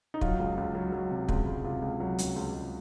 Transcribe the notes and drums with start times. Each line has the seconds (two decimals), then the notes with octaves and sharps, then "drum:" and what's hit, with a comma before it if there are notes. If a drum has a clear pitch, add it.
0.14 D#4
0.21 F#3 F4, drum: kick
0.39 C#2
0.57 C#2
0.75 F#3
0.92 F#3
1.11 C3
1.29 C#2, drum: kick
1.47 C#2
1.64 C3 F4
1.82 C#2
2.00 F#3
2.18 C#2, drum: hi-hat
2.36 C#2
2.54 C#2